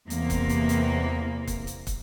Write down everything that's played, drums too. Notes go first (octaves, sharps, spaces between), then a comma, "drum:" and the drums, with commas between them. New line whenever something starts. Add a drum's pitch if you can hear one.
E2 C3 A#3, drum: hi-hat
drum: kick, hi-hat
drum: hi-hat
drum: hi-hat
drum: kick, hi-hat
drum: hi-hat
drum: kick, hi-hat